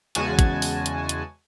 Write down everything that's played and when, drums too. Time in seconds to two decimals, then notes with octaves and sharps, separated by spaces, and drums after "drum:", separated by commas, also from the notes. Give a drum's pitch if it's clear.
0.15 E2 C#3 G#3 F#4 G#5 A5, drum: hi-hat
0.39 drum: kick, hi-hat
0.62 drum: open hi-hat
0.86 drum: hi-hat
1.09 drum: hi-hat